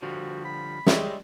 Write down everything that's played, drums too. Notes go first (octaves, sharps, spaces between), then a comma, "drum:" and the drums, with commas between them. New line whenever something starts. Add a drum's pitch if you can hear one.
D3 F3 G3 F#4
B5
G3 G#3 C#5 E5, drum: snare